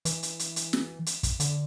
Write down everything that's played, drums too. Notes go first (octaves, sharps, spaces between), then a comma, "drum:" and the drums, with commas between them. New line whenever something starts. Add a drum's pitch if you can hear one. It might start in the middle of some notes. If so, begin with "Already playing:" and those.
E3, drum: hi-hat
drum: hi-hat
drum: hi-hat
drum: hi-hat
drum: snare
drum: hi-hat
drum: kick, hi-hat
D3, drum: hi-hat